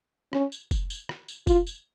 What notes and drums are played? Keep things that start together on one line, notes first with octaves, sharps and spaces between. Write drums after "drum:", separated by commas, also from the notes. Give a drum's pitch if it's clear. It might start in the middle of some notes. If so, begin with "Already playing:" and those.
C#4, drum: rim click
drum: tambourine
drum: kick F1, tambourine
drum: tambourine
drum: rim click
drum: tambourine
F4, drum: kick F1, tambourine
drum: tambourine